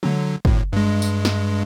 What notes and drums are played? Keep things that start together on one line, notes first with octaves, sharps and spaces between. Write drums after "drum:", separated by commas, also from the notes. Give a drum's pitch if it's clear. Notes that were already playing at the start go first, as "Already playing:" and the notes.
D3 F#3, drum: tom G#3
G#1 A2, drum: kick
G2 G#3
drum: tambourine
drum: snare